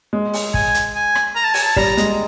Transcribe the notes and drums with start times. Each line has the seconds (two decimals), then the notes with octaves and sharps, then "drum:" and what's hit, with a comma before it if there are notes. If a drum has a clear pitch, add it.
0.13 G#3
0.33 drum: open hi-hat
0.54 G#5, drum: kick
0.74 drum: hi-hat
0.95 G#5
1.15 drum: rim click
1.36 A#5
1.45 A5
1.54 G#5, drum: open hi-hat
1.62 A5
1.76 G3 A#5, drum: kick
1.97 G#3, drum: hi-hat